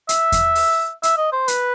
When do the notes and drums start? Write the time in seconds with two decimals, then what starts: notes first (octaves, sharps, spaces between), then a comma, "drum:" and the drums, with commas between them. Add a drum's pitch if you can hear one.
0.09 E5, drum: hi-hat
0.32 drum: kick E2, hi-hat
0.55 drum: open hi-hat
1.03 E5, drum: hi-hat
1.17 D#5
1.32 C5
1.48 B4, drum: hi-hat